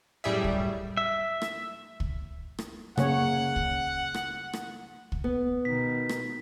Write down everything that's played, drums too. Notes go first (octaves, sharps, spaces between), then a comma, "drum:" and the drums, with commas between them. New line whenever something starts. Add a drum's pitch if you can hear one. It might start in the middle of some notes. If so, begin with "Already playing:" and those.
F#2 A2 G3 G#4 E5
drum: kick
E5
drum: rim click
drum: kick
drum: rim click
C#3 A#3 C#5 F#5, drum: rim click
drum: kick
drum: rim click
drum: rim click
drum: kick
B3
B2 D#3 B6
drum: rim click